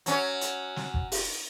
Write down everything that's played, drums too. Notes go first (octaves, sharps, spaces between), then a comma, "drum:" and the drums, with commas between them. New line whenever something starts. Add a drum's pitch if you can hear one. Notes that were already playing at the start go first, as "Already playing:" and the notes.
F#3 C#4, drum: hi-hat
drum: hi-hat
drum: snare
drum: kick
drum: open hi-hat